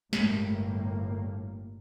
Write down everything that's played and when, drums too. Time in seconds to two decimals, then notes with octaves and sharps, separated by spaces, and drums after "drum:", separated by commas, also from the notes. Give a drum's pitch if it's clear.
0.13 G1 A2 G3 A#3, drum: snare